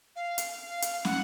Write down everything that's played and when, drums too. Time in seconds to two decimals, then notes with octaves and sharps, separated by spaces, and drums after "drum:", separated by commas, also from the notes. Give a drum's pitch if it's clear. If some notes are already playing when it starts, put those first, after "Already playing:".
0.16 F5
0.38 drum: hi-hat
0.64 F5
0.82 drum: hi-hat
1.05 F#5, drum: snare